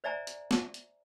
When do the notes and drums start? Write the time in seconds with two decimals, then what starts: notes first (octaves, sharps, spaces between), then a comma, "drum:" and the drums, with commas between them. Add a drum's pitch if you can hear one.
0.04 C5 D5 E5 G#5 A#5
0.27 drum: hi-hat
0.51 drum: snare
0.74 drum: hi-hat